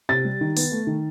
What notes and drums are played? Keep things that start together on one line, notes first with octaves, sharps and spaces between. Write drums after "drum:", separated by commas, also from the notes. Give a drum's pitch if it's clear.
C3 A6
G3
D#3
B3, drum: open hi-hat
A3
D#3